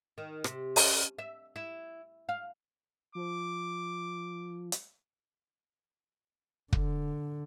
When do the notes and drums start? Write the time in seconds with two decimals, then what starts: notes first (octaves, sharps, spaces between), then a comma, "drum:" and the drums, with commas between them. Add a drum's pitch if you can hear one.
0.18 D#3
0.44 C3, drum: rim click
0.76 C#4, drum: open hi-hat
1.19 E5
1.56 E4
2.29 F5
3.15 F3 D6
4.72 drum: hi-hat
6.73 D3, drum: kick